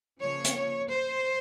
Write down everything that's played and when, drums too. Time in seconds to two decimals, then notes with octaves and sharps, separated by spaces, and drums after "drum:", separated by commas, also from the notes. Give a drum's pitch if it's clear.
0.20 C#3 F3 A#3 C#5
0.44 drum: hi-hat
0.88 C5